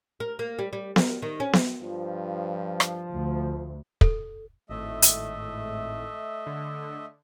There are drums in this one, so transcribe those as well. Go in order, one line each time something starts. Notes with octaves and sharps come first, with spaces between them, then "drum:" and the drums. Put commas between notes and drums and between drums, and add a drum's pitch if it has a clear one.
A#4
A#3
G3
G3
A#4, drum: snare B3
D#3
C#4
drum: snare B3
G2 F3
drum: rim click
D2
A4, drum: kick
G#1 A2 A3 D#5 E5
drum: hi-hat
D3